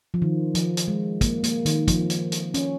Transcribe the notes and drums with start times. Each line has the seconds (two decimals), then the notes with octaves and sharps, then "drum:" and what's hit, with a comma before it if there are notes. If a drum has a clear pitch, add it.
0.14 F3
0.22 D#3
0.55 F3, drum: hi-hat
0.77 drum: hi-hat
0.88 G#3
1.21 A#3, drum: kick, hi-hat
1.43 A#3, drum: hi-hat
1.66 D#3, drum: hi-hat
1.88 F3, drum: kick, hi-hat
2.10 drum: hi-hat
2.32 drum: hi-hat
2.54 C#4, drum: hi-hat